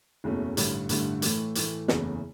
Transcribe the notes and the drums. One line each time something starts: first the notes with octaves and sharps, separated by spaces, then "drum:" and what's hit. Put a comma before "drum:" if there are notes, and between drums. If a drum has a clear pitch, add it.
F#1 E2 B2 A3 C#4
A1 G2 D3 A3, drum: hi-hat
A1 G2 D3 A3, drum: hi-hat
A2 E3 A3, drum: hi-hat
A2 E3 A3, drum: hi-hat
F#1 E2 C#3 E3 A3, drum: snare